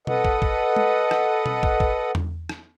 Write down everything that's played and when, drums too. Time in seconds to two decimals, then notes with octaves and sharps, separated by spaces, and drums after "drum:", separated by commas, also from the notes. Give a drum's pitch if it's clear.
0.07 A4 B4 D#5 F#5, drum: tom B2
0.25 drum: kick
0.42 drum: kick
0.76 drum: tom G#3
1.11 drum: rim click
1.46 drum: tom B2
1.63 drum: kick
1.80 drum: kick
2.15 drum: tom E2
2.49 drum: rim click